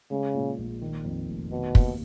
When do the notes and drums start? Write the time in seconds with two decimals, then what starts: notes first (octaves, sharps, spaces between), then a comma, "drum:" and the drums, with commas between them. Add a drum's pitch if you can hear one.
0.11 C#3 G#3
0.34 A#2
0.58 A#1
0.82 D#3
1.05 F2
1.28 F1
1.51 B2 D#3
1.75 D#2, drum: kick